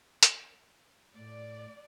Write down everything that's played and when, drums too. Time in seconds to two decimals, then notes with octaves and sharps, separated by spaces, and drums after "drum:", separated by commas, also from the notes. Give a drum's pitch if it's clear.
0.23 drum: hi-hat
1.16 A2 D5